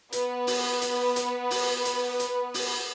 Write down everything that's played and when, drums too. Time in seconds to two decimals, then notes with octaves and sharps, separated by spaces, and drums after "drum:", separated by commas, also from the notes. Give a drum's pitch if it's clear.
0.12 B3 B4, drum: hi-hat
0.47 drum: open hi-hat
0.81 drum: hi-hat
1.16 drum: hi-hat
1.51 drum: open hi-hat
1.85 drum: hi-hat
2.20 drum: hi-hat
2.54 drum: open hi-hat